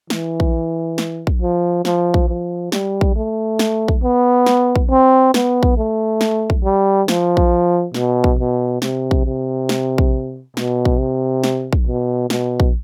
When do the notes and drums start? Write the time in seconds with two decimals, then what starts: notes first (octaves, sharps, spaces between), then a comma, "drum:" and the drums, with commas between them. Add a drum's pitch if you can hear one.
0.10 E3, drum: snare
0.40 drum: kick A#1
0.98 drum: snare
1.27 drum: kick A#1
1.41 F3
1.85 F3, drum: snare
2.14 drum: kick A#1
2.28 F3
2.72 G3, drum: snare
3.01 drum: kick A#1
3.16 A3
3.59 drum: snare
3.88 drum: kick A#1
4.03 B3
4.47 drum: snare
4.76 drum: kick A#1
4.90 C4
5.34 B3, drum: snare
5.63 drum: kick A#1
5.77 A3
6.21 drum: snare
6.50 drum: kick A#1
6.64 G3
7.08 F3, drum: snare
7.37 drum: kick A#1
7.94 B2, drum: snare
8.24 drum: kick A#1
8.39 B2
8.82 C3, drum: snare
9.11 drum: kick A#1
9.25 C3
9.69 drum: snare
9.98 drum: kick A#1
10.57 B2, drum: snare
10.85 drum: kick A#1
10.99 C3
11.44 drum: snare
11.73 drum: kick A#1
11.86 B2
12.30 B2, drum: snare
12.60 drum: kick A#1